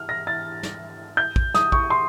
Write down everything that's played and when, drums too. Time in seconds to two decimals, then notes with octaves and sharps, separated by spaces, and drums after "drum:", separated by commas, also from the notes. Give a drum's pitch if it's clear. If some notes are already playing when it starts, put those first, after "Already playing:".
Already playing: F6
0.09 A#6
0.27 A6
0.63 drum: snare
1.17 G6
1.36 drum: kick
1.54 D#6, drum: snare
1.72 C#6, drum: kick
1.90 C6